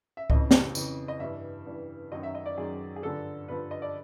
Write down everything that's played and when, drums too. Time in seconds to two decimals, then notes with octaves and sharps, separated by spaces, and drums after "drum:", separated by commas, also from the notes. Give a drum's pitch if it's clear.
0.17 E5
0.30 F2 C#3 E3 D#5, drum: kick C#2
0.51 drum: snare
0.75 F2 C#3 E3, drum: tambourine
1.08 D#5
1.20 G2 E3 E5
1.66 G2 E3
2.12 F#2 D#3 F#3 D#5
2.23 E5
2.35 D#5
2.46 D5
2.58 F#2 D#3 F#3 G#4
2.96 G#4
3.03 G2 D3 F3 A4
3.48 G2 D3 F3 B4
3.71 D#5
3.82 D5